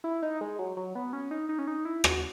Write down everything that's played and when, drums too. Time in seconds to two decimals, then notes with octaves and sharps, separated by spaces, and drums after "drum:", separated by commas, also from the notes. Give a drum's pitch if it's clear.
0.04 E4
0.22 D#4
0.41 G#3
0.59 F#3
0.77 F#3
0.95 B3
1.13 C#4
1.31 D#4
1.49 D#4
1.59 C#4
1.68 D#4
1.85 E4
2.04 F#4, drum: rim click